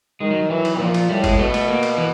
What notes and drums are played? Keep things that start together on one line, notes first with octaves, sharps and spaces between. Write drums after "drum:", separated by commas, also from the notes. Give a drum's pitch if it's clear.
D#3 G#3
F#3
E3 F#3
drum: cymbal
A#2 F3
drum: cymbal
A2 G3
G#3, drum: kick G1, cymbal
B2 A3
A3, drum: cymbal
A#3
drum: cymbal
E3